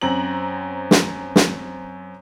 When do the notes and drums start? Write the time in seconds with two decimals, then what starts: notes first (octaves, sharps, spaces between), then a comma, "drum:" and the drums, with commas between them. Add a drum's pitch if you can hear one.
0.02 F#2 C4 A#5 F#7
0.91 drum: snare
1.36 drum: snare